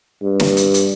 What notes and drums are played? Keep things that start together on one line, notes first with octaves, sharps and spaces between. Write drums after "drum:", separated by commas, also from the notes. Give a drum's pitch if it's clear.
G2
drum: snare
drum: hi-hat
drum: hi-hat